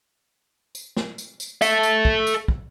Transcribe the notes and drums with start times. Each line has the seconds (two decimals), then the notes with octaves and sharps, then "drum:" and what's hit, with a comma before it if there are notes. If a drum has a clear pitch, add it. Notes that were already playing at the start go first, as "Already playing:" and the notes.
0.75 drum: tambourine
0.97 drum: snare
1.18 drum: tambourine
1.40 drum: tambourine
1.62 A4 E5, drum: tambourine
1.83 drum: tambourine
2.05 drum: kick
2.27 drum: tambourine
2.48 drum: kick